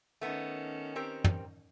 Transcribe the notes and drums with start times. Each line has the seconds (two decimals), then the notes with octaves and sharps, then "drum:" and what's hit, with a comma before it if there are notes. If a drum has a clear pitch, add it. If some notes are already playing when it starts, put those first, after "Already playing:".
0.21 D#3 A3 B3 C#4
0.96 C4 G4 A#4
1.24 drum: tom